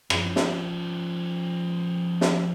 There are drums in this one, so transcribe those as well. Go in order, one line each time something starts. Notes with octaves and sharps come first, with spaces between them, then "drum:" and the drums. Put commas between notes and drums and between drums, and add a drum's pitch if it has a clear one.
F3 C#4, drum: rim click
drum: snare
drum: snare